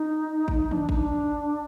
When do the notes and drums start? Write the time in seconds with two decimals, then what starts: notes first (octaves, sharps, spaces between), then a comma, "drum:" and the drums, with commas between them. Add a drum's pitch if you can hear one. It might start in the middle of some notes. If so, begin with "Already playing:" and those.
Already playing: D#4
0.48 drum: kick
0.71 D4, drum: tom
0.89 D#4, drum: kick
0.96 D4